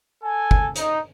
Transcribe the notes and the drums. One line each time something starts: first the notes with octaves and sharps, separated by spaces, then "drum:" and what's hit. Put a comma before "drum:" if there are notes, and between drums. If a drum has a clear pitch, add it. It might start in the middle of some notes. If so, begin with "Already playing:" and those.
A4 G#5
drum: kick
D#4, drum: hi-hat